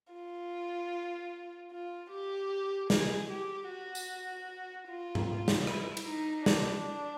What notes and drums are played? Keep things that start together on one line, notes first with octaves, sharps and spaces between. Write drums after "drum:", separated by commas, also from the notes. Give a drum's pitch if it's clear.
F4
F4
G4
G#4, drum: snare
G4
F#4
drum: tambourine
F4
drum: tom G#2
drum: snare
E4, drum: rim click
drum: cymbal
D#4
D4, drum: snare